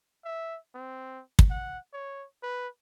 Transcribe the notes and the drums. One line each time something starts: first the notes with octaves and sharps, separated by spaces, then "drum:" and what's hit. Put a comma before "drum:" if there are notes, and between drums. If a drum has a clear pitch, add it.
E5
C4
drum: kick
F#5
C#5
B4